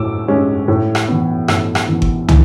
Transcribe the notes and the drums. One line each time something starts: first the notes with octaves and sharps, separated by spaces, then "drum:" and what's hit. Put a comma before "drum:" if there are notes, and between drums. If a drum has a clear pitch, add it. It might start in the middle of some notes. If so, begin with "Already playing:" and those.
Already playing: A2 G#3 D6 E6
G#3 C#4
A2
drum: rim click
E3 B3
A2 E6, drum: rim click
drum: rim click
E3 B3
drum: kick G1
E3, drum: tom